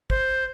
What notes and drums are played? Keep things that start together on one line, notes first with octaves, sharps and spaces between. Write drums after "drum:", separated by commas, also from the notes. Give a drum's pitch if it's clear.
C5, drum: kick